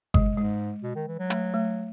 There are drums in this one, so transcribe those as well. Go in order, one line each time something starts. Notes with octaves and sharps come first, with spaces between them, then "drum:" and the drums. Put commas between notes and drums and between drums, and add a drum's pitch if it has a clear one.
G#3, drum: kick G1
G#2 G#3
B2
D#3
E3
F#3
A3, drum: hi-hat
A3